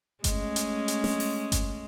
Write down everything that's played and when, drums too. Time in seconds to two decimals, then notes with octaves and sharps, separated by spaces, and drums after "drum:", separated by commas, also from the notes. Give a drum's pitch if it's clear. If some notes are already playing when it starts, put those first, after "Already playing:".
0.24 G#3 A3 C#4, drum: kick G1, hi-hat
0.56 drum: hi-hat
0.88 drum: hi-hat
1.04 drum: snare
1.20 drum: open hi-hat
1.52 drum: kick G1, hi-hat